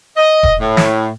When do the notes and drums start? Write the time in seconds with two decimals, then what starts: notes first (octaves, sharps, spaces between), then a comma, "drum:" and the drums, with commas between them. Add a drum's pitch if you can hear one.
0.17 D#5
0.43 drum: kick E1
0.60 A2
0.77 drum: snare